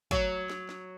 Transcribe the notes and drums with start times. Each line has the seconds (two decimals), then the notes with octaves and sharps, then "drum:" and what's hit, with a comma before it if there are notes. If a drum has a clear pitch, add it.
0.11 F#3, drum: kick
0.50 drum: snare
0.69 drum: snare